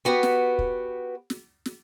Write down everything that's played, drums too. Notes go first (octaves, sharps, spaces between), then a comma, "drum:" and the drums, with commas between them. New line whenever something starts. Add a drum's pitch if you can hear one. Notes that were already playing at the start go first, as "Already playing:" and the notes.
B3 F#4 G4 B4
drum: snare
drum: kick
drum: snare
drum: snare